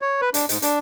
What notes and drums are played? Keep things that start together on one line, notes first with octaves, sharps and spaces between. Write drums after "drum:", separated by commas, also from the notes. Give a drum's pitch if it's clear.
C#5
B4
D4, drum: hi-hat
G#2, drum: hi-hat
D4, drum: hi-hat